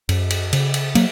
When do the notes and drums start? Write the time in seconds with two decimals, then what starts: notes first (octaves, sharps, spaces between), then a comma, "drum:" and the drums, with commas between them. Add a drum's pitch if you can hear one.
0.09 F#2, drum: cymbal
0.30 drum: cymbal
0.53 C#3, drum: cymbal
0.74 drum: cymbal
0.95 F#3 A#3, drum: cymbal